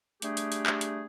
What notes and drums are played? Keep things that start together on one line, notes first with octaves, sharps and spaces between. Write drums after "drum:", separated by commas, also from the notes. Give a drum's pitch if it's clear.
G3 A3 D4 G4 G#4, drum: hi-hat
drum: hi-hat
drum: hi-hat
drum: clap
drum: hi-hat